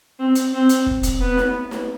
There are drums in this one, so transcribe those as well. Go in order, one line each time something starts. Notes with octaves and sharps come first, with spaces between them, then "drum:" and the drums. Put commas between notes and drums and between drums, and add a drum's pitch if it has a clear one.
C4
drum: hi-hat
C4
drum: hi-hat
drum: kick
drum: kick, hi-hat
B3
drum: snare
drum: snare